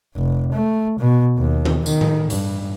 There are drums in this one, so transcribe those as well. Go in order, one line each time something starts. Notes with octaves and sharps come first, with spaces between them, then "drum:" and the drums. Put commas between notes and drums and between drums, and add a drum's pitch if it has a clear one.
F1
A3
B2
D#2
drum: tom D#3
D#3, drum: tambourine
drum: tom A2
G2, drum: hi-hat